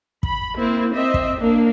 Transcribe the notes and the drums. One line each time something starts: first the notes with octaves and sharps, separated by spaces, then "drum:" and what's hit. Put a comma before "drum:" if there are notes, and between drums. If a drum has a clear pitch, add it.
B5, drum: kick
A#3 C4 E4
C4 D#5 E5
drum: kick
A#3 D4